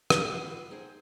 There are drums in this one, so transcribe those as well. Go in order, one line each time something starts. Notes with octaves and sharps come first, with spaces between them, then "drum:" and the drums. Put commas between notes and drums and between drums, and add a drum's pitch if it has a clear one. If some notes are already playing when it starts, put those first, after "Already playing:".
A#2, drum: rim click
D#3 F4 B4 F#5
D#4 G#4 C5 G5